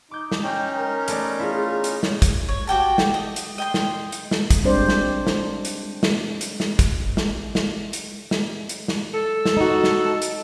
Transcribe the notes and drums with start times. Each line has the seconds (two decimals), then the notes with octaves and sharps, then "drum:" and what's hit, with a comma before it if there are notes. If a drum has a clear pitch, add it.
0.11 D#4 D6 G6
0.32 drum: snare
0.43 C#4 D#4 G5
0.76 A#4
1.08 A3 B3 D5, drum: hi-hat
1.39 E4 F4 G#4
1.84 drum: hi-hat
2.03 drum: snare
2.22 drum: kick, hi-hat
2.49 C#5
2.67 F#4 G4 G5 A5
2.98 drum: snare
3.14 D#5
3.36 drum: hi-hat
3.58 D#5 G5 C6
3.74 drum: snare
4.12 drum: hi-hat
4.31 drum: snare
4.50 drum: kick, hi-hat
4.63 G3 G#3 C4 D4 C5 D5
4.89 drum: snare
5.27 drum: snare
5.65 drum: hi-hat
6.03 drum: snare
6.41 drum: hi-hat
6.60 drum: snare
6.79 drum: kick, hi-hat
7.17 drum: snare
7.55 drum: snare
7.93 drum: hi-hat
8.31 drum: snare
8.69 drum: hi-hat
8.88 drum: snare
9.14 A4
9.46 drum: snare
9.57 D#4 F#4
9.84 drum: snare
10.22 drum: hi-hat